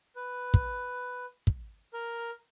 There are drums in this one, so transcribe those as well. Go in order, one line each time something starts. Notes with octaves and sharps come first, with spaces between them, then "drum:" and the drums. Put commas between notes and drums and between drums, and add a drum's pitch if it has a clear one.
B4
drum: kick
drum: kick
A#4